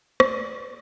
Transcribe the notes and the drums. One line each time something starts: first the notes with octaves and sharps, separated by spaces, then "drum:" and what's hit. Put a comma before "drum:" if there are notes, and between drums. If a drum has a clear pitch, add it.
A3 D5, drum: rim click
C5
D5